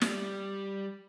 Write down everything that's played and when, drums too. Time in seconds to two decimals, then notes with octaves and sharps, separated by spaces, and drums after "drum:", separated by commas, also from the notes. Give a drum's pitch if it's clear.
0.02 G3, drum: snare